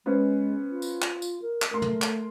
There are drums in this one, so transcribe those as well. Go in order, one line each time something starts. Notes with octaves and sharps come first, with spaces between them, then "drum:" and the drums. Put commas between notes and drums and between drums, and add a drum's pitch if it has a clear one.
G#3 B3 C#4 C5
F4
drum: tambourine
drum: clap
drum: tambourine
A#4
drum: clap
A3 A#4 C6
drum: tom
drum: clap